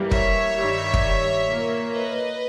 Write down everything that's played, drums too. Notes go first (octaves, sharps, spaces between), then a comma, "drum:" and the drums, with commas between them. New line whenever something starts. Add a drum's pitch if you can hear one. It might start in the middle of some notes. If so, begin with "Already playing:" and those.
Already playing: G2 E3 G3 A#3
C#5 E5, drum: kick
G2 D#3 G3
drum: kick
A#2 A#3
B4 D#5